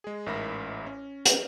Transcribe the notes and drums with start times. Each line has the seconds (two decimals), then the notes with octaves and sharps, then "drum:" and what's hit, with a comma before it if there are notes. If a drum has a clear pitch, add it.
0.04 G#3 G#4
0.26 A1 G#2 A#4 E5 B5 A#6
0.86 C#4
1.25 drum: hi-hat